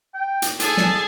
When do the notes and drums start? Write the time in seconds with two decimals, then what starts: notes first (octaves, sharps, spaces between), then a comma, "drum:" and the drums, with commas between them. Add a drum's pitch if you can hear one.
0.14 G5
0.42 drum: hi-hat
0.60 G#4 A4 G#5 A5, drum: hi-hat
0.77 drum: snare